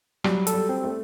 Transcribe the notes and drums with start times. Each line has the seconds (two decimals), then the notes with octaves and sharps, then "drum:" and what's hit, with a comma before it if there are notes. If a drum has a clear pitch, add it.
0.24 F#3 G3, drum: rim click
0.47 A4, drum: hi-hat
0.53 G3
0.69 C4
0.84 A3